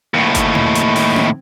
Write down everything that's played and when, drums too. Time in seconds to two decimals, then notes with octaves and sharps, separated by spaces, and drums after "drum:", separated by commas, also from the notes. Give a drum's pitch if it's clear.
0.14 D#2 A2
0.35 drum: kick G1, hi-hat
0.55 drum: tom
0.75 drum: hi-hat
0.96 drum: open hi-hat
1.16 drum: tom C4